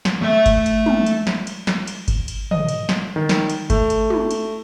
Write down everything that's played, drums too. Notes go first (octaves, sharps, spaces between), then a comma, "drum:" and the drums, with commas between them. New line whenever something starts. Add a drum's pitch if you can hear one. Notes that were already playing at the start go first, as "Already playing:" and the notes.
drum: snare
A3 E5
drum: kick G1, cymbal
drum: cymbal
drum: tom
drum: cymbal
drum: snare
drum: cymbal
drum: snare
drum: cymbal
drum: kick G1, cymbal
drum: cymbal
D#5, drum: tom
drum: cymbal
drum: snare
D#3
drum: snare
drum: cymbal
A3, drum: kick G1, cymbal
drum: cymbal
drum: tom
drum: cymbal